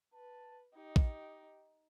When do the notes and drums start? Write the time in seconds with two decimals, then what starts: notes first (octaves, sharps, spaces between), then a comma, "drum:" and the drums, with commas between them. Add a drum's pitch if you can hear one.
0.14 B4 A5
0.75 D#4 G4 D#5
0.96 drum: kick A#1